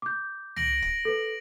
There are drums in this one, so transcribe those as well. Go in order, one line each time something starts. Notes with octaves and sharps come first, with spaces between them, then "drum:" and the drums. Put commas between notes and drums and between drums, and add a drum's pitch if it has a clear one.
D6 G6
A#6 D7 F#7, drum: tom C#2
drum: kick
A4 B4